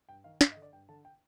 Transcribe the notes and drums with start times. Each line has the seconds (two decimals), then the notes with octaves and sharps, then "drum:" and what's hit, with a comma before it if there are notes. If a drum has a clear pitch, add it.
0.09 G2 G5
0.24 D#3 F5
0.41 G2 F5, drum: snare
0.52 D#5
0.56 D3
0.62 D5
0.73 G2 G5
0.89 D3 A5
1.05 G5